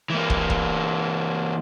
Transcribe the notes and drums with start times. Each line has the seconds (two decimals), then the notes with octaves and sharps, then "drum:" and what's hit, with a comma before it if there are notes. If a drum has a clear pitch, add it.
0.10 E3 A#3
0.30 drum: kick
0.50 drum: kick